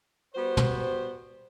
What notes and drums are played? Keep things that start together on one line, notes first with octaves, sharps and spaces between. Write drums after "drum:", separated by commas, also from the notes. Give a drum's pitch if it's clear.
G3 B3 F#4 C5
drum: tom